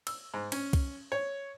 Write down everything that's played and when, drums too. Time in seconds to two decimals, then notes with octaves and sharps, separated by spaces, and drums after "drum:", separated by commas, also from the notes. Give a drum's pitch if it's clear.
0.07 E6, drum: cymbal
0.34 G#2
0.52 C#4, drum: cymbal
0.73 drum: kick, cymbal
1.12 C#5